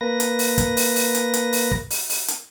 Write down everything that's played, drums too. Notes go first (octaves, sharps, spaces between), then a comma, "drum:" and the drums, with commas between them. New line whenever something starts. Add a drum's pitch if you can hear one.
A#3 B4 A#6
drum: hi-hat
drum: open hi-hat
drum: kick, hi-hat
drum: open hi-hat
drum: open hi-hat
drum: hi-hat
drum: hi-hat
drum: open hi-hat
drum: kick
drum: open hi-hat
drum: open hi-hat
drum: hi-hat